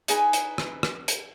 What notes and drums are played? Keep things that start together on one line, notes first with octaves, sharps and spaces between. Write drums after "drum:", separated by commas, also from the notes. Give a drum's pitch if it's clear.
D#4 G#4 B4 G#5, drum: hi-hat
drum: hi-hat
drum: rim click
drum: rim click
drum: hi-hat